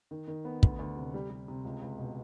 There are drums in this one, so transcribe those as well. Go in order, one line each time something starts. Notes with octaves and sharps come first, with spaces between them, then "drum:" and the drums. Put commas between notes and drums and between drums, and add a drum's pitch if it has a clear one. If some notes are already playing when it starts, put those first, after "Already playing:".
D#3
D#3
B3
D2, drum: kick
D2
C3
G3
G3
C3
C#2
C#2
B2